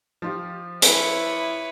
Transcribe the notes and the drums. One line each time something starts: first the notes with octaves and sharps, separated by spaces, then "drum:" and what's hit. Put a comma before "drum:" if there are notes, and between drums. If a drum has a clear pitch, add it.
F3 F4 G4
E4 B4 C#5, drum: hi-hat